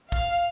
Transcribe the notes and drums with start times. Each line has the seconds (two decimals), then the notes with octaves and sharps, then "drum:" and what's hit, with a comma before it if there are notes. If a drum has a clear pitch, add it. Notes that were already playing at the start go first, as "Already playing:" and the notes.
0.12 F5, drum: kick